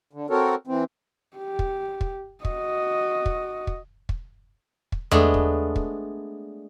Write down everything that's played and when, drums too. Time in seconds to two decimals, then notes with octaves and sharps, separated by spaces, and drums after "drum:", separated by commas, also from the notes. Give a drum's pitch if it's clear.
0.13 D3
0.30 C4 F#4 A4 A#4 C#5
0.67 E3 C4
1.37 G4
1.59 drum: kick
2.01 drum: kick
2.45 F#4 D#5, drum: kick
3.26 drum: kick
3.67 drum: kick
4.09 drum: kick
4.92 drum: kick
5.11 G#3 A3 B3 D4, drum: tom E2
5.34 drum: kick
5.76 drum: kick